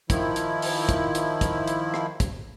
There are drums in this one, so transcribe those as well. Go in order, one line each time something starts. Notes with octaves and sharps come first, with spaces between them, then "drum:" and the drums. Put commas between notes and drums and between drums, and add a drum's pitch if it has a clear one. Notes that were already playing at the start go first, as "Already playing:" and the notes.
D#3 F3 E4, drum: kick, hi-hat
drum: hi-hat
drum: open hi-hat
drum: kick, hi-hat
drum: hi-hat
drum: kick, hi-hat
drum: hi-hat
drum: rim click
drum: kick, hi-hat